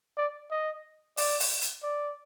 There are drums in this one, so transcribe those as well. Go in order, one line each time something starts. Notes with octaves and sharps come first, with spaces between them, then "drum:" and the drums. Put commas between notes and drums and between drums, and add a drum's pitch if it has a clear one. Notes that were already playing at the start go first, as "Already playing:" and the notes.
D5
D#5
D5, drum: open hi-hat
drum: open hi-hat
drum: hi-hat
D5